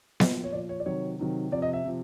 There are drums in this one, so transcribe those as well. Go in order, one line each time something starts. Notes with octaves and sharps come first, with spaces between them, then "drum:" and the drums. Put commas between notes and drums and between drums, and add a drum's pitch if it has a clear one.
A#2 F3 D#5, drum: snare B3
C#5
A#2 F3 D5
C#5
D5
C3 D#3 F#3 C#5
C3 D#3 F#3
C3 F3 D5
D#5
E5
C3 F3